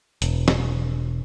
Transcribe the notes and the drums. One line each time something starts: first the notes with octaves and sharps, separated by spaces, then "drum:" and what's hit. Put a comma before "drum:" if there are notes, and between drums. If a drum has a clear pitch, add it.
E1, drum: hi-hat
drum: snare